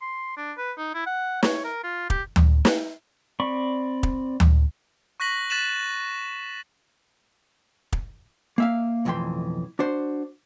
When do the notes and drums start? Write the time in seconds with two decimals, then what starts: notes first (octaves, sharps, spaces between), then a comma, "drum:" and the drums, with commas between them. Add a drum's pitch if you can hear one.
0.01 C6
0.37 D4
0.58 B4
0.78 D#4
0.95 E4
1.06 F#5
1.43 C#5, drum: snare
1.64 A#4
1.84 F4
2.10 G4, drum: kick
2.36 drum: tom D2
2.65 drum: snare
3.40 C4 D5 B5 C#6
4.03 drum: kick
4.40 drum: tom D2
5.20 C#6 F#6 A#6 B6 F#7
5.50 F#6 A6 B6 D#7 E7 F#7
7.93 drum: kick
8.58 A#3 E5 F5
9.05 B1 F2 A2 E3 G5 C6
9.79 D4 F#4 C5